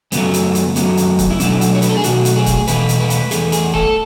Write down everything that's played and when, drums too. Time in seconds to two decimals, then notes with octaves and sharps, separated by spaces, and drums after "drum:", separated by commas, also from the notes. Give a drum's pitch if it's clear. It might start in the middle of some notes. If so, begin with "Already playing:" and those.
0.12 F#2 C#3 F#3 A3 B3, drum: hi-hat
0.34 drum: hi-hat
0.55 drum: hi-hat
0.76 F#2 C#3 F#3 A3 B3, drum: hi-hat
0.97 drum: hi-hat
1.19 drum: kick, hi-hat
1.30 E4
1.40 B2 F#3 A3 D4, drum: hi-hat
1.61 drum: hi-hat
1.75 C#5
1.82 B4, drum: hi-hat
1.89 A4
1.96 G#4
2.04 B2 F#3 A3 F#4, drum: hi-hat
2.25 drum: hi-hat
2.36 G#4
2.46 drum: kick, hi-hat
2.68 E2 B2 A3 B4, drum: hi-hat
2.89 drum: hi-hat
3.00 B4
3.10 drum: hi-hat
3.31 E2 B2 A3 G#4, drum: hi-hat
3.52 G#4, drum: hi-hat
3.74 A4, drum: kick